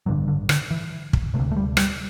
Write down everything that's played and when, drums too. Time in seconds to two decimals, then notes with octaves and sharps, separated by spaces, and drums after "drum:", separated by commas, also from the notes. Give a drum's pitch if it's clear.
0.06 A1 G2 D3 F#3
0.28 D3
0.49 D3, drum: rim click
0.71 E3
1.13 drum: kick
1.34 C3 A3
1.40 D2
1.52 A3
1.57 G3
1.77 G3, drum: rim click